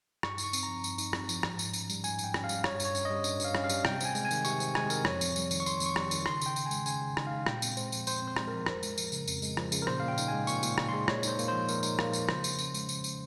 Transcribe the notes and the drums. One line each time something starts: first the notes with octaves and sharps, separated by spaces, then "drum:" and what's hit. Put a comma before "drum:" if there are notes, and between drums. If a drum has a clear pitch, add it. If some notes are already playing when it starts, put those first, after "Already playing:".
G2 C#6, drum: rim click
D#4, drum: tambourine
C#6
C4, drum: tambourine
F3 A#5
G2, drum: tambourine
D#4, drum: tambourine
C4, drum: rim click
F3, drum: tambourine
G#2, drum: rim click
G#2, drum: tambourine
C#4, drum: tambourine
G3, drum: tambourine
G#2 G#5, drum: tambourine
G#2, drum: tambourine
G5
C#4, drum: rim click
F5
G3, drum: tambourine
G2 C#5, drum: rim click
G2, drum: tambourine
C#5
C#4, drum: tambourine
G3 D#5
G2, drum: tambourine
G2 F5, drum: tambourine
C#4, drum: rim click
F5
G3, drum: tambourine
C3 G5, drum: rim click
C4 G#5, drum: tambourine
G#3, drum: tambourine
G#5
D#3, drum: tambourine
C3 C#6, drum: tambourine
C4, drum: tambourine
G#3 G#5, drum: rim click
D#3 A#4, drum: tambourine
F2 C#5, drum: rim click
F2, drum: tambourine
G3, drum: tambourine
D#3, drum: tambourine
C#6
F2 C6, drum: tambourine
F2, drum: tambourine
C#6
G3, drum: rim click
D#3, drum: tambourine
C#3 C6, drum: rim click
C#3 G5, drum: tambourine
D#4, drum: tambourine
G#5
G#3, drum: tambourine
C#3 G#5, drum: tambourine
C#3
D#4, drum: rim click
G#3 F5
A#2 G5, drum: rim click
C4, drum: tambourine
G#3 C5, drum: tambourine
F3, drum: tambourine
A#2 C5, drum: tambourine
C4
C5
G#3, drum: rim click
F3 A#4
F2, drum: rim click
G#3, drum: tambourine
F3, drum: tambourine
C#3, drum: tambourine
F2, drum: tambourine
G#3, drum: tambourine
F3, drum: rim click
C#3, drum: tambourine
A#4
A#2 C5, drum: rim click
A#2 F5
G5
D#4, drum: tambourine
G#3 G#5
A#2 C#6, drum: tambourine
A#2, drum: tambourine
D#4, drum: rim click
G#3 C6
A#2 C#5, drum: rim click
D#4 C5, drum: tambourine
A#3, drum: tambourine
F3 C5
A#2 A#4, drum: tambourine
D#4, drum: tambourine
A#3, drum: rim click
F3, drum: tambourine
C#3 C5, drum: rim click
C#3, drum: tambourine
C#4, drum: tambourine
G#3, drum: tambourine
C#3, drum: tambourine
C#3, drum: tambourine